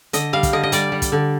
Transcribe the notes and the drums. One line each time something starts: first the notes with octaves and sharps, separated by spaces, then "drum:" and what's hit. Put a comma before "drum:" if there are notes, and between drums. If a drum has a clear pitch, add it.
D3 D#5, drum: hi-hat
G3 F5
drum: kick, hi-hat
D3 D#5
D#5
G3 D5, drum: hi-hat
G3
drum: kick, hi-hat
D3